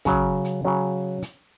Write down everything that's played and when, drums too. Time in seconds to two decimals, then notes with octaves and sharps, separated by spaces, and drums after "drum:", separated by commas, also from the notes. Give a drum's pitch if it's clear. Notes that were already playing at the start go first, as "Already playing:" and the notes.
0.05 C#3 F#3 C#4, drum: kick, hi-hat
0.44 drum: hi-hat
0.65 C#3 F#3 C#4
1.22 drum: hi-hat